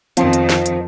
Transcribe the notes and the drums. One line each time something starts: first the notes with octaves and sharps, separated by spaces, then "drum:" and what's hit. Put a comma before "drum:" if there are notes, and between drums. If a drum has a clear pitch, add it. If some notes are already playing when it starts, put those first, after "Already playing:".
F2 D#3 F3 C4 F4 A5, drum: hi-hat
drum: hi-hat
drum: snare
drum: hi-hat